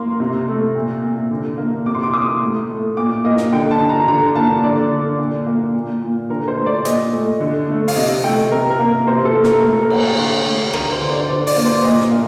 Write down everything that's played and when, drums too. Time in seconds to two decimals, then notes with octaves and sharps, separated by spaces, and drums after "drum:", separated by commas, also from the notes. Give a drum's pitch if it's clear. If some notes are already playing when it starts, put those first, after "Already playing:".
Already playing: A#3 C6
0.20 C3
0.48 A3
0.75 A#2
1.03 A#2
1.31 D3
1.58 A#3
1.86 C3 D6
1.95 C6
2.03 D6
2.14 A#3 D#6
2.42 A2
2.69 A3
2.97 A#2 D6
3.25 A#3 D#5
3.37 drum: snare
3.53 D3 G5
3.71 A5
3.80 D3
3.89 A#5
4.08 D3 A#5
4.35 A#3 A5
4.64 D3 D5
4.92 D3
5.19 A#2
5.46 A#3
5.74 A#2
6.02 A#2
6.29 D3 A#4
6.48 C5
6.57 A3
6.66 D5
6.85 A#2 D#5, drum: hi-hat
7.12 A3
7.40 D3
7.69 A3
7.88 F5, drum: open hi-hat
7.96 C3 D#5
8.23 A3 G5
8.52 C3 A#4
8.70 A#4
8.79 A#3
9.07 C3 C5
9.25 A4
9.34 A#3
9.44 A#4, drum: snare
9.62 A2 A#4
9.72 A4
9.82 A#4
9.90 A#3, drum: cymbal
10.18 D3
10.46 A3
10.73 D3 A#4, drum: rim click
10.92 C5
11.01 D3
11.10 D5
11.20 C5
11.28 D3 D5
11.47 D5, drum: open hi-hat
11.56 A#3
11.66 C5
11.84 A#2 D#5
12.01 drum: snare
12.11 A#3